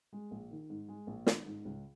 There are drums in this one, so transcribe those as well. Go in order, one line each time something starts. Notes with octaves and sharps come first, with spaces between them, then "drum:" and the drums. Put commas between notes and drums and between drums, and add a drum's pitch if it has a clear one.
G#3
A#1
D#3
G#2
G#3
A#1
D#3, drum: snare
G#2
C#2